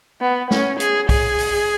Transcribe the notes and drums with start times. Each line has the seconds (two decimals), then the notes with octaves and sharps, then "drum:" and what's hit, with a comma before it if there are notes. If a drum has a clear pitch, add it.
0.21 B3
0.51 C#4, drum: snare
0.80 G#4, drum: hi-hat
1.09 G#4, drum: kick B1, open hi-hat
1.38 drum: open hi-hat